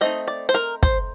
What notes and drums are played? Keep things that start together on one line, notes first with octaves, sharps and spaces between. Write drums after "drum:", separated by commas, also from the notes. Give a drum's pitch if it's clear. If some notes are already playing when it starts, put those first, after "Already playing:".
A3 C4 D#4 D#5
D5
C5
A#4
C5, drum: kick